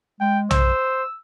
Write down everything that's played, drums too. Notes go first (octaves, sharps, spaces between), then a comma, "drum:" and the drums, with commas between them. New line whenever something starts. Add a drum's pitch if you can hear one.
G#3 G5
C5 E6, drum: tom B1